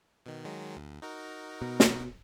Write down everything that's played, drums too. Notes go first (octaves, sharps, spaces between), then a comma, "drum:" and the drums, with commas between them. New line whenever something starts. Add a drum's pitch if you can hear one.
B2 D#3
D#3 F#3 G#3
D2
D#4 F#4 A#4
B2
drum: snare